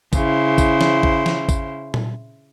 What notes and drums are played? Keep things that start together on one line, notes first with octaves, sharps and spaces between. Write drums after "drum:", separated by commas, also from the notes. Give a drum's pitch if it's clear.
C#3 E4 C5, drum: kick G#1, tambourine
drum: kick G#1, tambourine
drum: snare
drum: kick G#1
drum: snare
drum: kick G#1, tambourine
drum: tom A#2